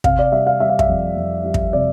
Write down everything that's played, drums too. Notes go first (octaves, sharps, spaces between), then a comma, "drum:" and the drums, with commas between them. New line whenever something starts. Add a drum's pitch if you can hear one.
C3 F5, drum: kick
D5
G3 E5
F5
G3 E5
F5
E5, drum: kick
F2
F2
G3
drum: kick
C3 D5